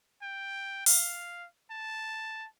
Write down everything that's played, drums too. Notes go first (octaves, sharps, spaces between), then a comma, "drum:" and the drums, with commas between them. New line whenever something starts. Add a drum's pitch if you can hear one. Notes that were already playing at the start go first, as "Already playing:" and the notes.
G5
F5, drum: open hi-hat
A5